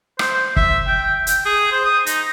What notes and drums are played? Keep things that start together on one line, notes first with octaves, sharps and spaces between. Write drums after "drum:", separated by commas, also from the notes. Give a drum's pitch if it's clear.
C5, drum: rim click
E5, drum: kick
G5
G5, drum: hi-hat
G#4
C5
D#6
D#4, drum: hi-hat